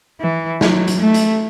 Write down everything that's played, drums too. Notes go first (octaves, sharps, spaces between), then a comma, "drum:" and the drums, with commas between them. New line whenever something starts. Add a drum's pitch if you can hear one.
E3
F#3, drum: snare
drum: hi-hat
A3
drum: hi-hat